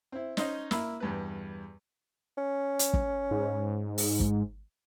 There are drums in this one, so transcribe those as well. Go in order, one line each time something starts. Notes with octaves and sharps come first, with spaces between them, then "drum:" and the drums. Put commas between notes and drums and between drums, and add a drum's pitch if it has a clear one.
C4 E4
C#4 D#4 C5 C#5 D#5, drum: snare
A#3 E4 B5 E6, drum: snare
E2 G2 B4
C#4
drum: hi-hat
drum: kick
G#2
drum: open hi-hat
drum: kick